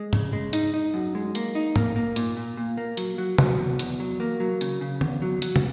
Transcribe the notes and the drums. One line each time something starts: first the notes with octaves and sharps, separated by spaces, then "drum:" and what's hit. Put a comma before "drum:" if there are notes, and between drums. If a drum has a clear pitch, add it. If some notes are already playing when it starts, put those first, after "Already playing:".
Already playing: G#3
C#3, drum: tom G#2
G#3
D#4, drum: hi-hat
D#4
F#2
G#3
A#3, drum: hi-hat
D#4
A#3, drum: tom G#2
A#3
A#2, drum: hi-hat
A#2
A#2
A#3
F#3, drum: hi-hat
F#3
F#3, drum: tom
E2
E2, drum: hi-hat
F#3
A#3
F#3
C#3, drum: hi-hat
C#3
E2, drum: tom D3
F#3
F#3, drum: hi-hat
drum: tom